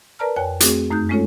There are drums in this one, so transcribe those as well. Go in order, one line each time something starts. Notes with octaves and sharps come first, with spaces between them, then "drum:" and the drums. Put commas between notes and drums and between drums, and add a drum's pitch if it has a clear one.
A#4 B4 D5 A5 A#5 F6
F2 C#5 G5 G#5 F#6
A3 C4 F#4 G#4, drum: hi-hat
F#2 A3 D#4 F#6 G6
G#3 A3 C#4 F4 A4 C#5